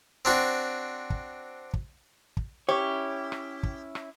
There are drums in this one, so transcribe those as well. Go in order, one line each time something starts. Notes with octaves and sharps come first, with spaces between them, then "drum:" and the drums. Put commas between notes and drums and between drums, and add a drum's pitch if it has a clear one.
C4 D4 F#4
drum: kick
drum: kick
drum: kick
C#4 E4 G4 C#5
drum: rim click
drum: kick
drum: rim click